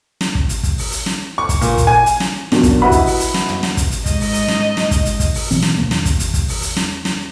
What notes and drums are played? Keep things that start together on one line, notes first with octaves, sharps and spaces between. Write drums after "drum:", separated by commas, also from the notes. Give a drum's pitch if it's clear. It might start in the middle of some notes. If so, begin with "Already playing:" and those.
drum: snare
drum: kick
drum: hi-hat
drum: kick, hi-hat
drum: open hi-hat
drum: hi-hat
drum: snare
C#6
drum: kick, hi-hat
A#2, drum: hi-hat
drum: kick, hi-hat
G#5
drum: hi-hat
drum: snare
E2 A#2 F#3 D4, drum: snare
drum: kick, hi-hat
E4 F#4 B4 D#5 F#5 B5
drum: kick, hi-hat
drum: open hi-hat
drum: hi-hat
drum: snare
drum: tom
drum: snare
drum: kick, hi-hat
drum: hi-hat
G#2 D#5, drum: kick, hi-hat
drum: open hi-hat
drum: hi-hat
drum: snare
drum: snare
drum: kick, hi-hat
drum: hi-hat
drum: kick, hi-hat
drum: open hi-hat
B2 E3 C4, drum: hi-hat
drum: snare
E2 D#3 A#3
drum: snare
drum: kick, hi-hat
drum: hi-hat
drum: kick, hi-hat
drum: open hi-hat
drum: hi-hat
drum: snare
drum: snare